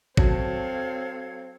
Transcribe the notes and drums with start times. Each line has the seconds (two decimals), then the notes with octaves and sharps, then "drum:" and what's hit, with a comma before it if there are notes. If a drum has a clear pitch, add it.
0.17 F#3 C4 A4 F5 A5 G#6, drum: kick